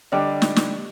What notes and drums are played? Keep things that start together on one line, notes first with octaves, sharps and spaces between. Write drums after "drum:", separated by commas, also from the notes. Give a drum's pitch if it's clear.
D3 G3 D4 D#5 G5
drum: snare
drum: snare